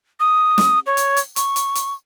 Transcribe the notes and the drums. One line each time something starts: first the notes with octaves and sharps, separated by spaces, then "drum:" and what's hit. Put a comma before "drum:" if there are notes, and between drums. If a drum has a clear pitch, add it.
D#6
drum: snare
C#5
drum: hi-hat
drum: hi-hat
C#6, drum: hi-hat
drum: hi-hat
drum: hi-hat